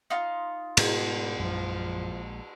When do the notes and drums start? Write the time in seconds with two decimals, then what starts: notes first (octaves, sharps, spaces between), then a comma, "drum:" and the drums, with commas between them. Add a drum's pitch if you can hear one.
0.10 D#4 F4
0.77 G#2 B2 G3 B3 A#4, drum: cymbal
1.40 A#1 F#2 F3 G#3